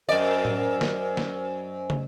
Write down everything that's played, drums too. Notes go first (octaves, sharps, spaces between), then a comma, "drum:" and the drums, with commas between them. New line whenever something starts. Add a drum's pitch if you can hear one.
F#2 A#4 C5 D5 D#5 G#5
drum: tom A2
drum: snare
drum: snare
drum: tom